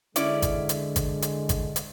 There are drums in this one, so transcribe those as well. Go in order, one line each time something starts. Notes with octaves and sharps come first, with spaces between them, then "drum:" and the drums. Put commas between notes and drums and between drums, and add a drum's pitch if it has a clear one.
D3 G#3 C#4 E4 D5, drum: hi-hat
drum: kick G#1, hi-hat
drum: hi-hat
drum: kick G#1, hi-hat
drum: hi-hat
drum: kick G#1, hi-hat
drum: hi-hat